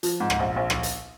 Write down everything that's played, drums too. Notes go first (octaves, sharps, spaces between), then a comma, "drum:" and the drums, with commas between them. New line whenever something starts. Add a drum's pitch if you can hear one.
F3, drum: hi-hat
G#2
drum: rim click
A#1
A#1
drum: rim click
drum: hi-hat